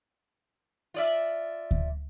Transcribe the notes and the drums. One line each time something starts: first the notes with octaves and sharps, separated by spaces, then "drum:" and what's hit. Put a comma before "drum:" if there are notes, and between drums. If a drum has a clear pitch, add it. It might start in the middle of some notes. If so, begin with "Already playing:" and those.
F4 D5 E5
drum: kick D2